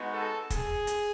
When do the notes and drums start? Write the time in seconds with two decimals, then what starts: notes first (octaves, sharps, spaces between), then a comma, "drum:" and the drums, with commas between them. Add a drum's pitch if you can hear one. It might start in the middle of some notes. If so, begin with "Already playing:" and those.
Already playing: G#3 B3 D#4 F#4
0.13 A4
0.50 G#4, drum: kick, hi-hat
0.87 drum: hi-hat